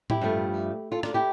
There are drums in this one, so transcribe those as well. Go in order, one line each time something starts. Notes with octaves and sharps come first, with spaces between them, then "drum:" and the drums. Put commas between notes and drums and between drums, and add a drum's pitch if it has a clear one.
E4 G4, drum: tom
G2 F3 A3
F4 A4
D4 F4, drum: rim click
E4 G4